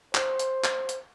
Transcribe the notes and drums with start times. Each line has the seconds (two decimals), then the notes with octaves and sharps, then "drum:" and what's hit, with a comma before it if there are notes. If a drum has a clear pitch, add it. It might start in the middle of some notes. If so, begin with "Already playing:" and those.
0.15 C5, drum: clap
0.39 drum: hi-hat
0.64 drum: clap
0.89 drum: hi-hat